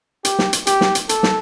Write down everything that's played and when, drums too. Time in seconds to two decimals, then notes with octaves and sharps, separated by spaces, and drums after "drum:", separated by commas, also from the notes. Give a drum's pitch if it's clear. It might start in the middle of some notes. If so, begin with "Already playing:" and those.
0.25 G4, drum: hi-hat
0.39 drum: snare
0.53 drum: hi-hat
0.67 G4, drum: hi-hat
0.81 drum: snare
0.95 drum: hi-hat
1.09 A4, drum: hi-hat
1.23 drum: snare